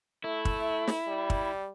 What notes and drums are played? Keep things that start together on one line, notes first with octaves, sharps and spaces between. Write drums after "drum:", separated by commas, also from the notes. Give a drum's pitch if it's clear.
A3 E4
drum: kick
drum: snare
G3
drum: kick